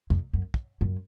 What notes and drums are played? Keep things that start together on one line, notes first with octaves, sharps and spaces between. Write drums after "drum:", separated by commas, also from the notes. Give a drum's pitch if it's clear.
F2, drum: tom
F#2
drum: kick
F#2